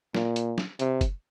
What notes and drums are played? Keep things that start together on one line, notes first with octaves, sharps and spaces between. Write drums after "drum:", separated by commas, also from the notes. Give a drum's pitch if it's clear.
A#2, drum: snare
drum: hi-hat
drum: snare
C3, drum: hi-hat
drum: kick F#1, hi-hat